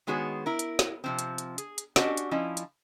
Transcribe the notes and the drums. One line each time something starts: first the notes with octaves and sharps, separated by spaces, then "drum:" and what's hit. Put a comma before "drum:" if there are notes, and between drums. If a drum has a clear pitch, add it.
D#3 G#3 B3 F#4 G#4 C#5
E4 A#4
drum: hi-hat
drum: snare
C3 F3 C4
drum: hi-hat
drum: hi-hat
G#4, drum: hi-hat
drum: hi-hat
C#4 D4 F#4 G4 D#5 F#5, drum: snare
drum: hi-hat
F3 C#4 E4 D#5
drum: hi-hat